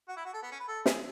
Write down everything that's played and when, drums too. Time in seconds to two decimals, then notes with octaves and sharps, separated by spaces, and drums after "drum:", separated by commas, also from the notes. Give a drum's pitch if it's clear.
0.09 F#4
0.17 E4
0.25 F#4
0.34 A4
0.43 B3
0.52 C#4
0.60 B4
0.68 A4
0.86 G#4, drum: snare